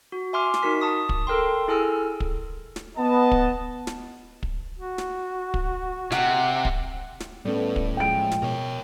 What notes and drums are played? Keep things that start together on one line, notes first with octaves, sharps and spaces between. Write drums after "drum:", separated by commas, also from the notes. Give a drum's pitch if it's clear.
F#4
E5 G#5 C6 D6 F6
drum: snare
D#4 F#4 A#4 B6
A5 C#6 D#6
drum: kick
A4 A#4 G5 C6
E4 G#4 A4 G#5 E6 F6
drum: kick
drum: snare
B3 D#5 A5
drum: kick
drum: snare
drum: kick
F#4
drum: snare
drum: kick
C3 F#5, drum: snare
drum: kick
drum: snare
A2 G3 B3 C#4 A4 D5
drum: kick
F3 G#3 G5 D7
drum: snare
B2 A#4 C#5